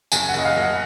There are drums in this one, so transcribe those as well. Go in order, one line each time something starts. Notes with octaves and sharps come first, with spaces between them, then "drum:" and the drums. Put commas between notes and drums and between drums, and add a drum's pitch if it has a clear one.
F#1 G#5, drum: tambourine
F#5
F#1 D#5
F5
F#1
F#5